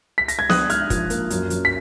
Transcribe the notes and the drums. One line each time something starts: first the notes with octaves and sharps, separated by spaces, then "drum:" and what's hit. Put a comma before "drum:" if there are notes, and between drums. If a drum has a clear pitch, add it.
B6
A#6, drum: hi-hat
G#6
D4 D#6 F#6, drum: snare
G#2 F6 G#6, drum: hi-hat
F3, drum: kick, hi-hat
A#3, drum: hi-hat
F#2, drum: hi-hat
F#2, drum: hi-hat
B6